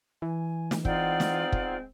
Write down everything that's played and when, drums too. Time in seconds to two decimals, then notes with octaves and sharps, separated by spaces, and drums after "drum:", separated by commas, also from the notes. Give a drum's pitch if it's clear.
0.22 E3 G#5
0.71 drum: snare
0.85 G#3 B3 C4 D#4 F4 D5 F#5, drum: kick
1.20 drum: snare
1.52 drum: kick